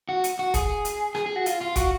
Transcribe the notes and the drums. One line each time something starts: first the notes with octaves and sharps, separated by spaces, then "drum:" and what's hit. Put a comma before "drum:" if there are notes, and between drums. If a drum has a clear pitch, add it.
F#4
drum: hi-hat
F#4
G#4, drum: kick, hi-hat
drum: hi-hat
G#4, drum: rim click
G#4
F#4
F4, drum: hi-hat
F4
F#4, drum: kick, hi-hat